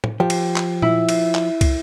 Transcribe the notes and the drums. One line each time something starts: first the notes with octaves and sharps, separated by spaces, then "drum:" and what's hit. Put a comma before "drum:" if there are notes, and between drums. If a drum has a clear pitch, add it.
drum: tom
F3 G4
drum: cymbal
drum: clap
E4, drum: tom A#2
drum: cymbal
drum: clap
drum: kick, cymbal